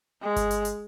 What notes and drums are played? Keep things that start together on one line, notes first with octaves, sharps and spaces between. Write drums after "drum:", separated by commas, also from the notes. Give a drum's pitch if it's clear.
G#3
drum: kick G1, hi-hat
drum: hi-hat
drum: hi-hat